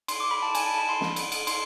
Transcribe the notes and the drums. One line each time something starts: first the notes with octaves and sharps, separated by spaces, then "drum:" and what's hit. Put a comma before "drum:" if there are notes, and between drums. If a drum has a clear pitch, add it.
C6, drum: cymbal
D6
B5
A5
G#5, drum: cymbal
A5
B5
C6
drum: snare
drum: cymbal
drum: cymbal
C6, drum: cymbal